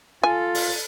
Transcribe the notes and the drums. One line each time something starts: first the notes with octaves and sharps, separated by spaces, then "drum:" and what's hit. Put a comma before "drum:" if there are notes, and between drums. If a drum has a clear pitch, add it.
F4 A4 G#5
drum: open hi-hat